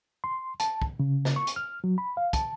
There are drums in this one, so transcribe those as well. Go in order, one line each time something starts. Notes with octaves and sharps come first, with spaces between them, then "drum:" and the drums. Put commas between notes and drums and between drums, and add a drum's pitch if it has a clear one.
C6
A5, drum: hi-hat
drum: kick
C#3
drum: snare
C#6
drum: hi-hat
F6
F#3
B5
F5
A5, drum: kick, hi-hat